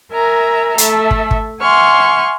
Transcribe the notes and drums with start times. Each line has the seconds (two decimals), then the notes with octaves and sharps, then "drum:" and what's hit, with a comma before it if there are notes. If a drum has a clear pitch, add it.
0.13 A#4 E5 G#5 A#5
0.78 A3 A4 E5, drum: hi-hat
1.11 drum: kick
1.31 drum: kick
1.61 E5 F#5 G#5 C6 C#6 F6